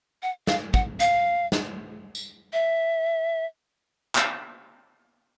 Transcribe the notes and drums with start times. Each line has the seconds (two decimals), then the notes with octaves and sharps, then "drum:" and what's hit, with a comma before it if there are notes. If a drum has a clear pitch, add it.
0.23 F#5
0.47 F5, drum: snare
0.74 F#5, drum: kick
1.00 F5, drum: hi-hat
1.52 drum: snare
2.15 drum: tambourine
2.53 E5
4.15 drum: clap